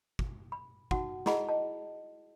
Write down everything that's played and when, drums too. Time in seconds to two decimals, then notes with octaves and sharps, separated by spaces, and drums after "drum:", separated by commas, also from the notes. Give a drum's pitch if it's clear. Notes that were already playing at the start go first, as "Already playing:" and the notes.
0.19 drum: kick
0.52 B5
0.91 D#4 F#4 F#5, drum: kick
1.26 E4 G#4 D#5 F#5 A5 B5, drum: snare
1.48 D#5 A5